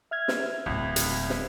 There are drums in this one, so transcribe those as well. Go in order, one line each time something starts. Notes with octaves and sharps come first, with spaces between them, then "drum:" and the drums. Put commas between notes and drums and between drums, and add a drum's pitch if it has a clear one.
E5 F6 G#6
drum: snare
D1 C#2 G#3
drum: hi-hat
drum: snare